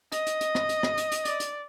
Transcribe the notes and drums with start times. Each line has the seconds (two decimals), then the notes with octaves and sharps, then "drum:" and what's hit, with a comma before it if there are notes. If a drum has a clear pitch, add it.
0.12 D#5, drum: hi-hat
0.27 drum: hi-hat
0.41 drum: hi-hat
0.55 drum: rim click
0.69 drum: hi-hat
0.83 drum: rim click
0.97 drum: hi-hat
1.12 drum: hi-hat
1.25 D5, drum: hi-hat
1.40 drum: hi-hat